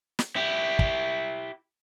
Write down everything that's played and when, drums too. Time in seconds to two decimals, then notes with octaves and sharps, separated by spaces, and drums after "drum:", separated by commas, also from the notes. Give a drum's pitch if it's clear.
0.19 drum: snare
0.36 E4 G4
0.79 drum: kick